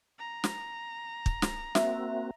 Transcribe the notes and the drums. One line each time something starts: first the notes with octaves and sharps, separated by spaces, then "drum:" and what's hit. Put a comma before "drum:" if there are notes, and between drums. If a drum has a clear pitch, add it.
A#5
drum: snare
drum: kick
drum: snare
A#3 C4 F#4 E5, drum: snare